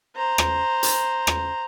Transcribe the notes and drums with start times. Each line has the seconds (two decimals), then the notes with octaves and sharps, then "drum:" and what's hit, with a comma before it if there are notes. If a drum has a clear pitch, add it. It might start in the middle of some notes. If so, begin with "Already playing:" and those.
0.16 C5 A#5
0.38 drum: rim click
0.83 drum: hi-hat
1.27 drum: rim click